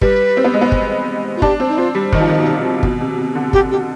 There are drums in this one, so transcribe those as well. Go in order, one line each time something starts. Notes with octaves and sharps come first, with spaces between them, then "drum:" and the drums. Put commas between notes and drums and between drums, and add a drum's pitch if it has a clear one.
G3 B4, drum: kick
C4
B3
G#3
B3
drum: kick
F4
D4 G4, drum: kick
C4
D#4
C4 F4
G3
D#3 D#4, drum: kick
F3
D#3
B2
C3
B2, drum: kick
C3
C3
D3
G4, drum: kick
B2 G4